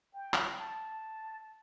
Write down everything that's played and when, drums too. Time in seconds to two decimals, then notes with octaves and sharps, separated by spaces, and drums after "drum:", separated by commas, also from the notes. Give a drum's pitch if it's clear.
0.14 G5
0.34 drum: clap
0.58 A5